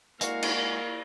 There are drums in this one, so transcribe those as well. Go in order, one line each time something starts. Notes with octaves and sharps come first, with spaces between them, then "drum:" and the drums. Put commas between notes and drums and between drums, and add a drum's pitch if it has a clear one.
G#3 A#3 E4 F#4 D5 F5 C#6, drum: hi-hat
drum: cymbal